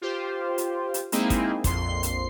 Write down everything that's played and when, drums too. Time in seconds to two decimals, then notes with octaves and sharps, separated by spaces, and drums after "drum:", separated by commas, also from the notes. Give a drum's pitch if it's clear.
0.02 F4 G4 C5
0.58 drum: hi-hat
0.94 drum: hi-hat
1.12 G#3 A#3 C4 D#4 E4 G#4, drum: hi-hat
1.30 drum: kick, hi-hat
1.64 A#1 F2 C6 C7, drum: kick, hi-hat
2.03 drum: hi-hat